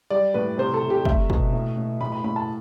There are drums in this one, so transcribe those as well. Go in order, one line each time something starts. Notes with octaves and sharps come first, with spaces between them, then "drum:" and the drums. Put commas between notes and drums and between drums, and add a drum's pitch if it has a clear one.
G3 D5
A2 B4
C3 C5
A4
C3
G4
A3 E5, drum: kick
B2, drum: kick
A2
A2
A2 B5
B5
A2 B5
A5